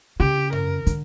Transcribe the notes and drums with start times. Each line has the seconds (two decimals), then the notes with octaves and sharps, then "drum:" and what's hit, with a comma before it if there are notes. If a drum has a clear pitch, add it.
0.19 C#3 G4
0.53 A#4, drum: tom F#2
0.87 D3, drum: hi-hat